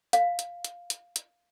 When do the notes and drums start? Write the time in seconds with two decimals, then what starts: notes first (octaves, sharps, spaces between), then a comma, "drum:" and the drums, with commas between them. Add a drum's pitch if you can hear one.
0.13 F5, drum: hi-hat
0.39 drum: hi-hat
0.64 drum: hi-hat
0.90 drum: hi-hat
1.16 drum: hi-hat